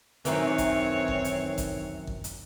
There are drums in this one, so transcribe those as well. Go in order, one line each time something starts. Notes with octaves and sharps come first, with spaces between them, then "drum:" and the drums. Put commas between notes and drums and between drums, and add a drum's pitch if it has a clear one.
F#2 D#3 E3 C4 C#5, drum: hi-hat
drum: kick G#1, hi-hat
drum: kick G#1
drum: hi-hat
drum: kick G#1, hi-hat
drum: kick G#1
drum: hi-hat